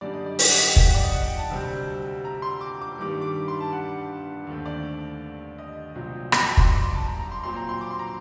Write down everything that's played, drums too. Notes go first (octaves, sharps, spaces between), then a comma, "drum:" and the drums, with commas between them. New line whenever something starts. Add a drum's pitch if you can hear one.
F#2 D3 G3 D4 D5
D#5
D5
D#5, drum: open hi-hat
F#5
D#5
G5
G5, drum: kick
F#5
D5
D#5
F#5
G5
A5
D2 C3 G3 C4
A#5
C6
D6
D6
G2 D#3 G3 D6
D6
C6
A5
F#5
D#2 D3 A3 C4
D5
D#5
C2 A#2 F#3 C4
G5, drum: rim click
A5
C6, drum: kick
D6
C6
A5
A#5
A#5
C6
A#2 F#3 C4 C6
A#5
C6
D6
C6
A#5